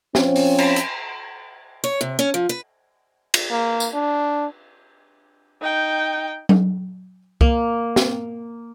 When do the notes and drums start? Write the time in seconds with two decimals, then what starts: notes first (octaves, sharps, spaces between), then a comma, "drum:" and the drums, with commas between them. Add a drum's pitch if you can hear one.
0.15 F3 C4 C#4, drum: snare
0.36 drum: open hi-hat
0.58 drum: cymbal
0.76 drum: hi-hat
1.84 C#5
2.01 C3
2.19 C#4
2.34 F3
2.49 B4
3.34 drum: cymbal
3.51 A#3
3.80 drum: tambourine
3.94 D4
5.61 D#4 G5
6.49 drum: tom F#3
7.41 A#3, drum: kick C2
7.96 drum: snare